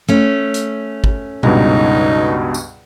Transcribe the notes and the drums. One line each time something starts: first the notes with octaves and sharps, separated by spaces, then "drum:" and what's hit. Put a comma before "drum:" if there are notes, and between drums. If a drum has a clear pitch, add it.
A3 C#4
drum: hi-hat
drum: kick
C#2 G2 B2 D#4, drum: tom A#2
drum: tambourine